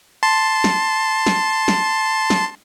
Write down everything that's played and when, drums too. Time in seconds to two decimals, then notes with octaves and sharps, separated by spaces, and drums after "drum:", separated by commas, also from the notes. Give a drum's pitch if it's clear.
0.23 A5 C6
0.64 drum: snare
1.26 drum: snare
1.68 drum: snare
2.30 drum: snare